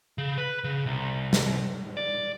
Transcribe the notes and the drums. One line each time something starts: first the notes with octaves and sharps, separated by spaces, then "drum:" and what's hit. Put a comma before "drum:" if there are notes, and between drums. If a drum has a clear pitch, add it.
C#3
B4
C#3
C2
drum: snare
D5